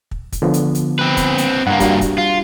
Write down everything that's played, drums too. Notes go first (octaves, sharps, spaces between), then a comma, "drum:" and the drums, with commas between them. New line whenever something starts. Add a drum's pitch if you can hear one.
drum: kick
drum: kick, hi-hat
D3 F3 B3
drum: hi-hat
drum: hi-hat
C4 B4
drum: kick, hi-hat
drum: hi-hat
G2 A#3 F#5
G3 D4 F#4, drum: kick, hi-hat
drum: kick, hi-hat
F4